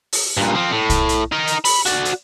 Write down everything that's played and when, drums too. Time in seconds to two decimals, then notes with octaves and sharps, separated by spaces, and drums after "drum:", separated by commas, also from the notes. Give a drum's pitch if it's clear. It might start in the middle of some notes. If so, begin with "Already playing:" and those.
0.13 drum: open hi-hat
0.37 G2 A#2
0.55 F3 C4
0.72 A2
0.90 drum: kick, hi-hat
1.09 drum: hi-hat
1.32 D#4 A#4
1.47 drum: hi-hat
1.65 B5, drum: open hi-hat
1.86 F#4 D5, drum: hi-hat
2.05 drum: hi-hat